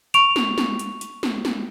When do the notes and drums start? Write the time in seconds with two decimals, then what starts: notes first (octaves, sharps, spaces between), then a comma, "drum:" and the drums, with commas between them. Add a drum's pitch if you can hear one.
0.14 C#6 D7 F7, drum: hi-hat
0.36 drum: snare
0.58 drum: snare
0.79 drum: hi-hat
1.01 drum: hi-hat
1.23 drum: snare
1.45 drum: snare